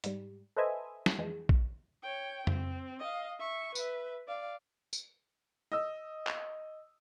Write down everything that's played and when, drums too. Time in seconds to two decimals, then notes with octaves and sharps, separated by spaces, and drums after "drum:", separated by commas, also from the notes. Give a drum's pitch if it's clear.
0.04 G#2 G3, drum: hi-hat
0.56 A4 B4 C5 D#5 E5 G#5
1.06 drum: snare
1.18 F2 E3 G#3
1.49 drum: kick A#1
2.03 C#5 G5
2.47 C4, drum: tom F2
3.00 D#5 F5
3.40 E5 C#6
3.75 B4 E5, drum: tambourine
4.28 D5 F5
4.93 drum: tambourine
5.72 D#5 E6
6.27 drum: clap